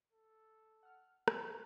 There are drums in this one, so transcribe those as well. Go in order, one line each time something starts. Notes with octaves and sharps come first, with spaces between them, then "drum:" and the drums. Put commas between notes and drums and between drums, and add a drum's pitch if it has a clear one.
A4
F#5 F6
C#6, drum: rim click